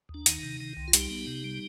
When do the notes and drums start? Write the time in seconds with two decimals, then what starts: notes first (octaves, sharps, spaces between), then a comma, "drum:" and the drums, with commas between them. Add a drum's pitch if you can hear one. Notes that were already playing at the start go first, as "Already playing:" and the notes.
0.09 D#2
0.14 D4
0.26 D#3 D#4, drum: hi-hat
0.43 C3
0.61 D#3
0.77 C2
0.88 F4
0.93 G3 D#4 G4, drum: hi-hat
1.11 B3
1.27 C3
1.44 G3